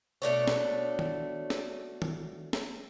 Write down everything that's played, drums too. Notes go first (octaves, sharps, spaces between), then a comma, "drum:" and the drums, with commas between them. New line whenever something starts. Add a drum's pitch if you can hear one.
B2 A3 D4 C#5
drum: snare
drum: tom D#3
drum: snare
drum: tom D#3
drum: snare